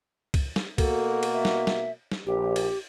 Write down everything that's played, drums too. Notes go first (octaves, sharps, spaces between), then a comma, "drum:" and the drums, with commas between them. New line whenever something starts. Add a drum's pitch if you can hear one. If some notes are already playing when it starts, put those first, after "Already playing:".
drum: kick, cymbal
drum: snare
B2 A#3 F#4 A4, drum: kick, cymbal
drum: cymbal
E5
drum: snare
drum: snare
drum: snare
A#1 G4
drum: cymbal